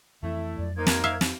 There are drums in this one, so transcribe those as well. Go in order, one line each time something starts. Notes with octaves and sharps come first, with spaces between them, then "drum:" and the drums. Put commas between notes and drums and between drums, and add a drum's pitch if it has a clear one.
F2 E3 A3 C4 E4
F2 F#3 D5
A#3 D#4 A#4 C5 G#6
drum: snare
E5 F5
drum: snare